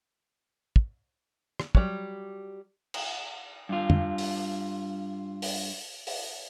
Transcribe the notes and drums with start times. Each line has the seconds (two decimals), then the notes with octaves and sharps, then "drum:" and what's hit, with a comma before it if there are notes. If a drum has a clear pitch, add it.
0.76 drum: kick
1.60 drum: rim click
1.75 F#3 G3, drum: kick
2.94 drum: cymbal
3.69 G2 F4
3.90 drum: tom F2
4.18 drum: open hi-hat
5.42 drum: open hi-hat
6.07 drum: open hi-hat